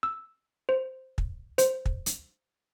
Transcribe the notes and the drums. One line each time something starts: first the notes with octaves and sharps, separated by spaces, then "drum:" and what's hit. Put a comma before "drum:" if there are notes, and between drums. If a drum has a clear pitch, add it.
E6
C5
drum: kick
C5, drum: hi-hat
drum: kick
drum: hi-hat